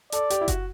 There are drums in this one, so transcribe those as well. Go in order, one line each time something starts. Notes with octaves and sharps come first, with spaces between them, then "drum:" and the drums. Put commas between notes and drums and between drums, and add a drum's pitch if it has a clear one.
A4 D5, drum: hi-hat
G4, drum: hi-hat
E4
F#4, drum: kick F#1, hi-hat